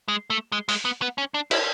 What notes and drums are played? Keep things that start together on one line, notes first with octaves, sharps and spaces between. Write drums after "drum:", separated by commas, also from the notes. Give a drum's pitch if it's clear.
G#3
A3
G#3
G#3, drum: open hi-hat
B3
B3
C#4
D4
E4, drum: cymbal